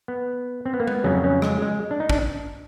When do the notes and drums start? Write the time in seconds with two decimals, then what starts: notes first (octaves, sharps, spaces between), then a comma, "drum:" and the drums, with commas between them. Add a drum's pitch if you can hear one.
0.08 B3
0.66 C4
0.74 B3
0.80 A#3
0.87 B3, drum: tom G#3
1.04 F2 C#3 F#3 C#4
1.24 C#4
1.42 G#3, drum: rim click
1.62 G#3
1.91 D4
2.00 D#4
2.09 D4, drum: kick